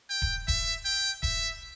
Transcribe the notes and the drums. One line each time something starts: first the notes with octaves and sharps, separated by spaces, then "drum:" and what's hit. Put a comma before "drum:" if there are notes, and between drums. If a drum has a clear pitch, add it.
G5
drum: kick D#1
E5, drum: kick D#1
G5
E5, drum: kick D#1